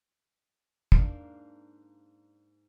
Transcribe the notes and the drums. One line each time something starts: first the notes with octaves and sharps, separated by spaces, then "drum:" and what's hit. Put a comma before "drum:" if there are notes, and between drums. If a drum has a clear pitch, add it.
G#2 A#3 D4 A#4, drum: kick